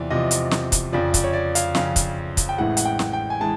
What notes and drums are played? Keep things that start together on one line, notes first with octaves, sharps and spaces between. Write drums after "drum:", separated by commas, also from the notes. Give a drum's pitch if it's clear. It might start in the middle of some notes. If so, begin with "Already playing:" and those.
Already playing: E2 C3 F3 D5
E2 C3 F3 D#5
drum: hi-hat
drum: snare
drum: kick, hi-hat
F2 C#3 F3 D5
D5, drum: kick, hi-hat
C#5
D5
F5, drum: hi-hat
F2 C#3 F3 F5, drum: snare
drum: kick, hi-hat
drum: kick, hi-hat
G5
A1 A2 E3 G#3 F#5
F#5, drum: hi-hat
G5
drum: snare
G5
G#5
E3 G#3 A5